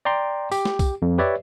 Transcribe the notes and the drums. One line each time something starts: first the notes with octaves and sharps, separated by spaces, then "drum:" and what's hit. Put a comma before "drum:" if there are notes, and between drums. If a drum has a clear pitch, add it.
D5 G5 A#5 C6
G4, drum: tambourine
drum: snare
drum: kick, tambourine
F2
G4 B4 C#5 D5 E5